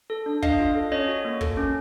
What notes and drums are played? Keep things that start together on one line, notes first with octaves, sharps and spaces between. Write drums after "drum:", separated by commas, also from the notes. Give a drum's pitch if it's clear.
A4
D4
D4 D#5 F5, drum: kick
F4
A4
C#4 C#5 D#5
F#4
A#3
A4, drum: kick
C#4